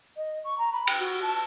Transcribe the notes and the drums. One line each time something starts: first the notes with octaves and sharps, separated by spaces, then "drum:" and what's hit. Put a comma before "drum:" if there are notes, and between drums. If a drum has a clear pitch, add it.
D#5
C#6
A#5
B5
G5, drum: cymbal
F#4
A5